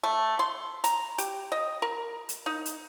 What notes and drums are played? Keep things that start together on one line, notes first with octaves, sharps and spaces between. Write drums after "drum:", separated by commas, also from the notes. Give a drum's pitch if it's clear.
A3
C6
A#5, drum: hi-hat
G4, drum: hi-hat
D#5
A#4
drum: hi-hat
D#4
drum: hi-hat